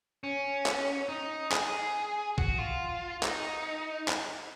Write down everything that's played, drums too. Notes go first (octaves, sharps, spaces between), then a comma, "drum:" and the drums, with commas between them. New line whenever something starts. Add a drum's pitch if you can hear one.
C#4
drum: clap
D#4
G#4, drum: clap
F#4, drum: kick
F4
D#4, drum: clap
drum: clap